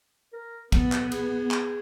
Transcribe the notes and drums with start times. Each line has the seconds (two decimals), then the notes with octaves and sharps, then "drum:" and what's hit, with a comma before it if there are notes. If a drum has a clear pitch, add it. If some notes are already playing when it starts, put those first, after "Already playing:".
0.33 A#4
0.72 B3 A4, drum: kick, cymbal
0.92 drum: clap
1.12 G#4, drum: cymbal
1.51 drum: clap